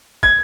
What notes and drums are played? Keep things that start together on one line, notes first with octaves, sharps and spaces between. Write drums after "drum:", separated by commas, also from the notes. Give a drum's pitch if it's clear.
G#6, drum: kick